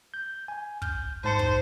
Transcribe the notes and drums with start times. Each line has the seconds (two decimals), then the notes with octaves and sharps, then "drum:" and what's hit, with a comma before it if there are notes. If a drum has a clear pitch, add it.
0.14 G6
0.48 G#5
0.82 F6 G6, drum: kick
1.24 G#2 C5 A5 C#7
1.39 drum: kick